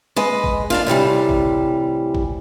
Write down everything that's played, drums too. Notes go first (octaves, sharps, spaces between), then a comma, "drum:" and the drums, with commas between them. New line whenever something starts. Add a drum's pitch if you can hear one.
G#3 B4 D#5
drum: kick G#1
A#3 D4 F4
A2 C3 E3 G3
drum: kick G#1
drum: kick G#1